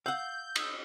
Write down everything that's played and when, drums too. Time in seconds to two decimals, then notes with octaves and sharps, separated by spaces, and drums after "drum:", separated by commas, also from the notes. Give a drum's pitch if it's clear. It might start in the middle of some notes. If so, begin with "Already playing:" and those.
0.06 F5 F#5 E6 G6 F#7
0.56 D#6 E6, drum: cymbal